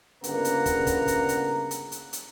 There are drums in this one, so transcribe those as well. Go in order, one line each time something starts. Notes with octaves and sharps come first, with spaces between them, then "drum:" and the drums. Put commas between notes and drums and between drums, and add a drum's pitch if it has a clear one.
G1 C#3 A#3 B4 F#5 A#5, drum: hi-hat
drum: hi-hat
drum: kick, hi-hat
drum: kick, hi-hat
drum: hi-hat
drum: hi-hat
drum: hi-hat
drum: hi-hat
drum: hi-hat